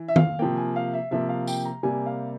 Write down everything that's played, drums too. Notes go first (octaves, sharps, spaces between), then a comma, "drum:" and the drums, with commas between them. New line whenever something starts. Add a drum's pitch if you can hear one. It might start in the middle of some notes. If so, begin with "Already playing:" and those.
Already playing: E3
E5
F5, drum: tom D#3
C3 F3 A#3 G5
G#5
F5
E5
C3 F3 A#3 E5
F5
G5, drum: tambourine
A#5
C3 G3 A#3 G#5
F5